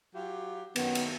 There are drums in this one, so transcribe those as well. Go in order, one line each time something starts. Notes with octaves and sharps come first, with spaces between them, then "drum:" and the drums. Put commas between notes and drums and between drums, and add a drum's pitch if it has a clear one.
F#3 F4 G4
F#2 D#3 B3, drum: cymbal
drum: cymbal